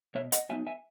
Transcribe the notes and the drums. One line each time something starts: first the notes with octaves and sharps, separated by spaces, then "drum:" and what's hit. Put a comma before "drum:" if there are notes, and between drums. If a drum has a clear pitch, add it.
B2 C#5 E5
D#5 F#5, drum: hi-hat
F#3 B3 D#4 E5 G#5
E5 G#5